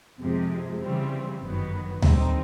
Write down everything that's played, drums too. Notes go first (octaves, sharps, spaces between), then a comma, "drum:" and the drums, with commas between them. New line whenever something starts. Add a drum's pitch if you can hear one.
F2 C3 F3 G#3
C#3 E3 G3 C4
G1 F#2 D#3 F#3 B3
D#2 D3 G3 C4 D#4, drum: tom D2